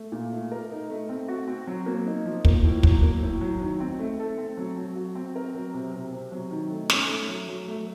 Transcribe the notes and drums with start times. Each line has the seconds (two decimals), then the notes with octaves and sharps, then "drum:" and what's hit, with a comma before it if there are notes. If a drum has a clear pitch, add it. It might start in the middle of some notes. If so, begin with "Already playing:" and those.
Already playing: A3
0.12 A#2
0.32 A3
0.52 A#4
0.70 D#4
0.90 A3
1.09 C4
1.28 F#4
1.48 C4
1.67 F#3
1.86 A#3
2.06 D#4
2.25 F3
2.45 A#3, drum: kick
2.64 A2
2.83 F#3, drum: kick
3.03 A#3
3.22 A2
3.41 F#3
3.61 D#3
3.80 C4
3.99 A3
4.19 A4
4.38 C4
4.57 F#3
4.77 F#3
4.96 F#4
5.15 C4
5.36 A#4
5.54 F#3
5.74 C3
5.94 C3
6.12 C3
6.32 F#3
6.51 D#3
6.71 A3
6.90 C#4, drum: snare
7.09 A3
7.28 F#3
7.48 F#3
7.68 A3